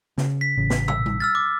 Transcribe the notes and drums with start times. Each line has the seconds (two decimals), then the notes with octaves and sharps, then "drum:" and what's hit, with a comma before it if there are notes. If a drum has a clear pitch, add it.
0.18 C#3, drum: snare
0.41 B6
0.57 A1 C#3
0.70 drum: snare
0.88 E6, drum: tom
1.06 drum: tom G3
1.20 E6 F6 A6
1.35 D6